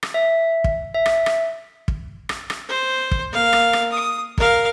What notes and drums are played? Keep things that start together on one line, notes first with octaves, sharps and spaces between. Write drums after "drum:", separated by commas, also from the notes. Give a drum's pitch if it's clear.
drum: rim click
E5
drum: kick
E5
drum: rim click
drum: rim click
drum: kick
drum: rim click
drum: rim click
C5
drum: kick
A#3 F5
drum: rim click
drum: rim click
D#6
A#4 F5, drum: kick